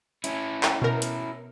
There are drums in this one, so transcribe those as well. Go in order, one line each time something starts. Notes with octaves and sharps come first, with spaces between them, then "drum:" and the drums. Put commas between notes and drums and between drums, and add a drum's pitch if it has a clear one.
C#4 E4, drum: hi-hat
drum: clap
B2 A#4
drum: hi-hat